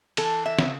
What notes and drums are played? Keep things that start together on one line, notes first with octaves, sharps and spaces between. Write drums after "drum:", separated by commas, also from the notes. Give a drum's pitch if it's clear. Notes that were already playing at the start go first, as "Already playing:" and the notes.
E3 A4, drum: cymbal
E5
C#3, drum: snare